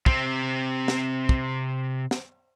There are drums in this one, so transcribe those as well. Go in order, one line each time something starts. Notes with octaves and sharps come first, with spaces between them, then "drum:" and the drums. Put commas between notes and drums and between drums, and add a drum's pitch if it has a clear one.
C3 C4, drum: kick
drum: snare
drum: kick
drum: snare